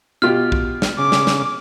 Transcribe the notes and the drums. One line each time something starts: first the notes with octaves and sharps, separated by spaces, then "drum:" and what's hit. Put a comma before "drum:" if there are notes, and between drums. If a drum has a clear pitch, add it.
B2 F4 G4 F6
drum: kick
drum: snare
C#3 D6
drum: snare
drum: snare